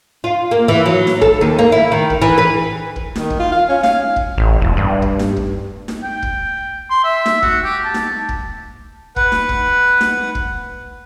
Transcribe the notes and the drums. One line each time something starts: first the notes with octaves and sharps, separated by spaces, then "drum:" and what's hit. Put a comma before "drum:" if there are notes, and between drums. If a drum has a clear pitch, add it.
F4
A#3
E3
F#3
drum: snare D#4
A4, drum: kick
D#2
A#3
E4
D#3
drum: kick
E3
B4
drum: kick
D#3, drum: snare D#4
drum: kick
F4
F5
C#4
F5, drum: snare D#4
drum: kick
A1
E1
G2
drum: kick
drum: snare D#4
drum: kick
drum: snare D#4
G5
drum: kick
C6
E5
drum: snare D#4
F#4, drum: kick
G4
A5
drum: snare D#4
drum: kick
B4 F#5, drum: kick
drum: snare D#4
drum: kick
drum: snare D#4
drum: kick